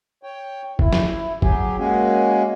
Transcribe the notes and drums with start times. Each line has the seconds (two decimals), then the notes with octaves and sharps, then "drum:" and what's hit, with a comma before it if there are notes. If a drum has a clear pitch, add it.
0.23 C#5 G5
0.79 E4, drum: kick
0.93 drum: snare
1.42 F#3 G4 G#4, drum: kick
1.78 G#3 A#3 C#4 F#4 G#4